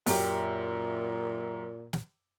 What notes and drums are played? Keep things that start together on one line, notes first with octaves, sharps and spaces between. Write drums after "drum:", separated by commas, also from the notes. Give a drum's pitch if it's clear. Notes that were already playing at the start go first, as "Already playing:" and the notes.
F#2 A#2 G4, drum: open hi-hat
drum: snare